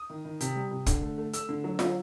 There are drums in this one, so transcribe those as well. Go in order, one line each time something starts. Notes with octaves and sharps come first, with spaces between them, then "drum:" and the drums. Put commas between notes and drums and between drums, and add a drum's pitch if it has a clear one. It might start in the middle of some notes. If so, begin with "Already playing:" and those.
Already playing: D#6
D#3
D#3
C3, drum: hi-hat
G3
C3
D3, drum: kick, hi-hat
A3
A3
A3 E6, drum: hi-hat
D3
F#3
F#3, drum: snare F4